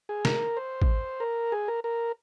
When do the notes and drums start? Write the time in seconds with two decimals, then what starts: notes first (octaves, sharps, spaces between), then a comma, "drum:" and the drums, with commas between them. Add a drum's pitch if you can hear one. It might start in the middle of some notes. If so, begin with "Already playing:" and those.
0.09 G#4
0.25 A#4, drum: snare
0.57 C5
0.82 drum: kick A1
1.20 A#4
1.52 G#4
1.68 A#4
1.84 A#4